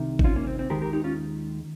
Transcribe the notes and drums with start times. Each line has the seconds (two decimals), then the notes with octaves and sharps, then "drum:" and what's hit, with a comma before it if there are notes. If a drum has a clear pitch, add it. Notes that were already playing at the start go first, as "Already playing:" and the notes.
Already playing: C2 C3 D#3
0.19 D#4, drum: kick G#1
0.24 C#4 F4
0.36 A#3 C#4
0.47 C4
0.59 C4
0.70 D#2 D#3 G#3 G4 A#4
0.81 G4 A#4
0.93 D#4 G4
1.04 C#4 F4